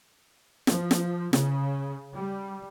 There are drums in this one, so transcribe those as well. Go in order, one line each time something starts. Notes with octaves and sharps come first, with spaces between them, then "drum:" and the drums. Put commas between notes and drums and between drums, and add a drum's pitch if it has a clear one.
F3, drum: snare
drum: snare
C#3, drum: snare
G3